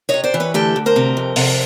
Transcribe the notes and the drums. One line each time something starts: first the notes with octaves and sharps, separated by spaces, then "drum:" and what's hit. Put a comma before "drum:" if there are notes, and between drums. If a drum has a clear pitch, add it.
C3 C#5 D#5
C5 D5
E3
B4 C#5
D2 G4 A4
D2
A#4 C5
C3
F2
C3, drum: open hi-hat